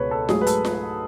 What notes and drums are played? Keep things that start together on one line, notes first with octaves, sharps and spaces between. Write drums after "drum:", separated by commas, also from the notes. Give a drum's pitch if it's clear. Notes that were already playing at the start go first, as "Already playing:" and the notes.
Already playing: C#2 B2 B4 C#5
A4
G#2 F#3 A3 G#4, drum: snare F4
B4
A4, drum: hi-hat
drum: snare F4